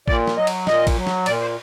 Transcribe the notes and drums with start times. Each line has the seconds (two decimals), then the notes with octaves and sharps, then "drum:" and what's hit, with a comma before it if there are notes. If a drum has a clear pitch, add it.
0.08 A#2 D5, drum: kick
0.27 drum: snare
0.37 F#3 D#5
0.47 drum: cymbal
0.67 A#2 D#5, drum: snare
0.87 drum: kick, cymbal
0.97 F#3
1.07 drum: snare
1.26 A#2 D5, drum: cymbal
1.41 C5